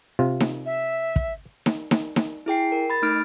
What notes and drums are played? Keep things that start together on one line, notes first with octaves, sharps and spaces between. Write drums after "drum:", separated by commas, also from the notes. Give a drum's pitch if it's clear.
C3 F4
drum: snare D#4
E5
drum: kick
drum: snare D#4
drum: snare D#4
drum: snare D#4
E4 G#4 G5 C7
A#4
B5 A6
A3 D#4 F6 D7